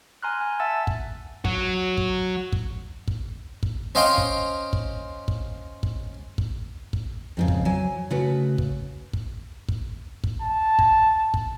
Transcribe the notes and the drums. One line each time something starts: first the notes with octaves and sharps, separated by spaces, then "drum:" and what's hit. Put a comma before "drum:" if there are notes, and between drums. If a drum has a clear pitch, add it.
G#5 A#5 C6 F6 F#6
G#5
E5 F#5 A5 E6 A6
drum: kick
F#3 F#4, drum: kick
drum: kick
drum: kick
drum: kick
drum: kick
C#4 C5 D#5 F5 G5 C6
drum: kick
drum: kick
drum: kick
drum: kick
drum: kick
drum: kick
F2 G#2 C#3
drum: kick
F#3 G#5
C#3 A3 F#4 B4
drum: kick
drum: kick
drum: kick
drum: kick
A5
drum: kick
drum: kick